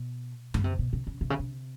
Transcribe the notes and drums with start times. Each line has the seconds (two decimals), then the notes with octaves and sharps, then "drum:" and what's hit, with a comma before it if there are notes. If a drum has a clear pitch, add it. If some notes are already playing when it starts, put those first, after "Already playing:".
Already playing: B2
0.54 C#3, drum: tom F#2
0.64 C3
0.79 B2
0.93 C3
1.07 C#3
1.21 C3
1.30 C#3
1.39 C3